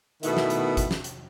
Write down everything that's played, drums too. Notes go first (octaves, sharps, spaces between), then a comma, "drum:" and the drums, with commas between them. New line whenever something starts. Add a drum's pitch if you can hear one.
B2 D#3 A3 B3 E4, drum: hi-hat
drum: snare
drum: hi-hat
drum: kick G#1, hi-hat
drum: snare
drum: hi-hat